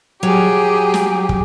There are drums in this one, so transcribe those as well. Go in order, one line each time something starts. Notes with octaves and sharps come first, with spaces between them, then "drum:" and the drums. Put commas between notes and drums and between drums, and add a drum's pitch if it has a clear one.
F#3 G4 G#4
drum: snare
drum: kick